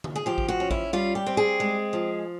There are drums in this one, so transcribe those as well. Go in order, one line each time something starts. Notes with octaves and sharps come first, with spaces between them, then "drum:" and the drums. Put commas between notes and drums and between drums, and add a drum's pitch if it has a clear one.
drum: tom D3
G#4
F3 G4
drum: kick A1
F#4
C#4
E4, drum: kick A1
G3 F4
G4
C4
G#4
G#3
F3